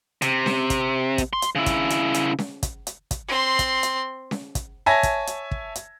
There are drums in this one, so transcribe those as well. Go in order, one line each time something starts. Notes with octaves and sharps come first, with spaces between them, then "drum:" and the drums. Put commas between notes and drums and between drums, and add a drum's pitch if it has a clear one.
C3, drum: hi-hat
drum: snare C#4
drum: kick, hi-hat
drum: kick, hi-hat
C6
drum: hi-hat
C#3 E4
drum: kick, hi-hat
drum: hi-hat
drum: hi-hat
drum: snare C#4
drum: kick, hi-hat
drum: hi-hat
drum: kick, hi-hat
C4 C6
drum: kick, hi-hat
drum: hi-hat
drum: snare C#4
drum: kick, hi-hat
C#5 E5 G#5 A5 G#6 A#6
drum: kick, hi-hat
drum: hi-hat
drum: kick
drum: hi-hat